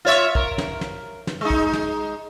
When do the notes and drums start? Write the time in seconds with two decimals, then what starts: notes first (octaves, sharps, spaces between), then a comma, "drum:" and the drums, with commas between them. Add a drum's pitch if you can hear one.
0.05 F4 C#5 E5
0.35 A#4, drum: kick
0.58 drum: snare
0.81 drum: snare
1.27 drum: snare
1.41 G#3 D#4
1.50 drum: kick
1.73 drum: snare